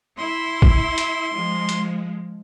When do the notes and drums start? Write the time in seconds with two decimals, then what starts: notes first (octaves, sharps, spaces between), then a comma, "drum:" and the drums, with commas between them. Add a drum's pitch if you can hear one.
0.18 E4 C6
0.62 drum: kick
0.98 drum: hi-hat
1.33 F3 G#3
1.69 drum: hi-hat